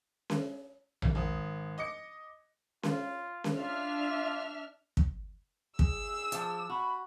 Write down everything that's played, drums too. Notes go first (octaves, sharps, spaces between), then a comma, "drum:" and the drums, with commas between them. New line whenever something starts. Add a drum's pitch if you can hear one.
drum: snare C#4
drum: tom A#1
G#1 D#6
D#5 D6 C#7
F4, drum: snare C#4
drum: snare C#4
D4 F4 E5 F6
drum: kick
G#4 E6, drum: kick
F3 A5 D6, drum: hi-hat
F#4 B5